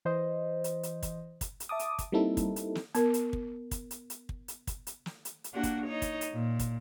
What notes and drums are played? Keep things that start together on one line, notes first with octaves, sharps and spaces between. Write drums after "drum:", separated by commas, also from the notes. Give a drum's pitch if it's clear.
E3 C5 D#5
drum: hi-hat
drum: hi-hat
drum: kick, hi-hat
drum: kick, hi-hat
drum: hi-hat
E5 A5 D6 D#6
drum: hi-hat
drum: kick, hi-hat
G3 A#3 C4 D#4 E4 A4
drum: kick, hi-hat
drum: hi-hat
drum: snare
B3 A#4, drum: hi-hat
drum: hi-hat
drum: kick
drum: kick, hi-hat
drum: hi-hat
drum: hi-hat
drum: kick
drum: hi-hat
drum: kick, hi-hat
drum: hi-hat
drum: snare
drum: hi-hat
drum: hi-hat
A#3 D4 F#4
drum: kick, hi-hat
D#4 C#5
drum: kick, hi-hat
drum: hi-hat
A#2
drum: kick, hi-hat